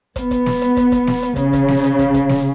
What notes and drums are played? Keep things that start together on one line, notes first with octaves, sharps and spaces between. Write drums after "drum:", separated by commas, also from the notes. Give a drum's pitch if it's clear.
B3, drum: kick, hi-hat
drum: kick, hi-hat
drum: snare
drum: hi-hat
drum: kick, hi-hat
drum: kick, hi-hat
drum: snare
drum: hi-hat
C#3, drum: kick, hi-hat
drum: kick, hi-hat
drum: snare
drum: hi-hat
drum: kick, hi-hat
drum: kick, hi-hat
drum: snare